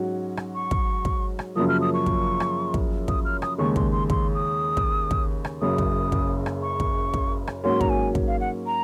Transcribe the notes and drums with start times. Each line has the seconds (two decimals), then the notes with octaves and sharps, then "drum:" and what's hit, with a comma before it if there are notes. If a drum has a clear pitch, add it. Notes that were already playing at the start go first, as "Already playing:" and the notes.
Already playing: G#2 F#3 C#4 F#4
0.37 drum: rim click
0.55 C#6
0.71 drum: kick
1.05 drum: kick
1.39 drum: rim click
1.55 F#2 C#3 F3 A#3 D#6
1.69 F6
1.81 D#6
1.94 C#6
2.06 drum: kick
2.40 drum: rim click
2.74 drum: kick
3.08 D#6, drum: kick
3.25 F6
3.42 D#6, drum: rim click
3.58 D#2 C#3 G#3 C#6
3.76 C6, drum: kick
3.92 C6
4.10 C6, drum: kick
4.35 D#6
4.77 drum: kick
5.11 drum: kick
5.45 drum: rim click
5.61 F#1 F#2 C#3 D#6
5.78 drum: kick
6.12 drum: kick
6.46 drum: rim click
6.62 C#6
6.80 drum: kick
7.14 drum: kick
7.47 drum: rim click
7.64 G#2 F#3 A#3 C#4 F#4 C6
7.81 A#5, drum: kick
7.89 G#5
8.15 drum: kick
8.28 F5
8.40 F#5
8.66 A#5